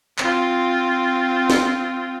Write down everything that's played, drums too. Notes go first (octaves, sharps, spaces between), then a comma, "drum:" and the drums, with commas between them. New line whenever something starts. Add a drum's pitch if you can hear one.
C4 F4, drum: clap
drum: snare